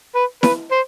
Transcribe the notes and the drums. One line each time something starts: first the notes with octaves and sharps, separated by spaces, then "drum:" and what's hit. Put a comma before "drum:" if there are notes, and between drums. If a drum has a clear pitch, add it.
B4
B4, drum: snare E4
C5